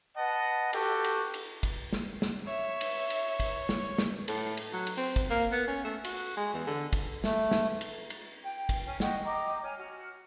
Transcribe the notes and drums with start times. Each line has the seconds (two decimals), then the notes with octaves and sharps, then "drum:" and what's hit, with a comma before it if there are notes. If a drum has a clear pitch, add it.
0.17 B4 D#5 F#5 A5
0.73 F#4 G4 A4, drum: cymbal
1.04 drum: cymbal
1.34 drum: cymbal
1.63 drum: kick, cymbal
1.93 drum: snare
2.22 drum: snare
2.47 C#5 E5
2.81 drum: cymbal
3.10 drum: cymbal
3.40 drum: kick, cymbal
3.69 drum: snare
3.98 drum: snare
4.28 A2, drum: cymbal
4.57 drum: cymbal
4.73 F#3
4.87 drum: cymbal
4.97 C4
5.16 drum: kick, cymbal
5.30 A#3
5.52 B3
5.68 C#4
5.85 A3
6.05 F#4, drum: cymbal
6.37 G#3
6.54 E2
6.67 D3
6.93 drum: kick, cymbal
7.24 A3, drum: snare
7.51 drum: snare
7.81 drum: cymbal
8.10 drum: cymbal
8.44 G5
8.69 drum: kick, cymbal
8.85 C#4
9.00 D#5 F#5 G5 C#6, drum: snare
9.23 D#5 G5 A#5 D6
9.63 C#5 G#5 F6
9.79 F#4 F6